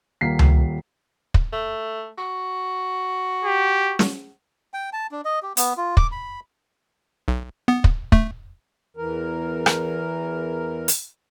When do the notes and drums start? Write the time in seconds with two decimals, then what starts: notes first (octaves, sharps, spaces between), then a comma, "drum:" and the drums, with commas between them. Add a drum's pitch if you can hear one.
0.21 D#1 A#3 B6 C7
0.39 drum: tom C#2
1.34 drum: kick
1.53 A3
2.18 F#4
3.45 G4
3.99 drum: snare
4.74 G5
4.93 A5
5.12 D4
5.25 D#5
5.43 G4
5.57 B3, drum: hi-hat
5.77 F4
5.97 D6, drum: kick
6.12 B5
7.28 B1
7.68 B3
7.84 drum: kick
8.12 A3, drum: kick
8.97 E2 E3 A#4
9.66 drum: rim click
10.88 drum: hi-hat